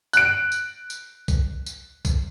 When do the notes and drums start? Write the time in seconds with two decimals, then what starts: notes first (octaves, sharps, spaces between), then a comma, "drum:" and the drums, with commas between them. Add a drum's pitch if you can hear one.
0.13 F#6 D7, drum: tambourine
0.52 drum: tambourine
0.90 drum: tambourine
1.28 drum: kick B1, tambourine
1.66 drum: tambourine
2.05 drum: kick B1, tambourine